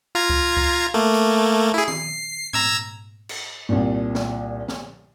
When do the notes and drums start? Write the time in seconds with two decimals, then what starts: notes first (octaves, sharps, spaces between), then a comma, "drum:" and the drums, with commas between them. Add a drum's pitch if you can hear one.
0.15 F4 A#5 G#6
0.30 drum: kick C#2
0.57 drum: kick C#2
0.94 A3 A#3
1.14 drum: hi-hat
1.74 E4 G#4
1.88 C7, drum: tom D#3
2.53 A#5 E6 G#6, drum: tom G#2
3.29 drum: cymbal
3.69 C2 A#2
4.15 drum: snare
4.68 drum: snare